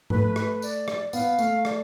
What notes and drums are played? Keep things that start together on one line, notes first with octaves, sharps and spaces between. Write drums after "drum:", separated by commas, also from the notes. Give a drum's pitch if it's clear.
A3 B4, drum: tom G#2
B4, drum: rim click
D5, drum: tambourine
drum: rim click
B3 F5, drum: tambourine
A3, drum: tambourine
D5, drum: rim click